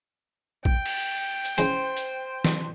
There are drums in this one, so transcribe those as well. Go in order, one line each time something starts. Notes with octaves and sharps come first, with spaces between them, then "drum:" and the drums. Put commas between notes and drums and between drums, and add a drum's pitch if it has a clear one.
G5, drum: kick
drum: cymbal
drum: hi-hat
C#3 E3 G#3 C5, drum: hi-hat
drum: hi-hat
drum: snare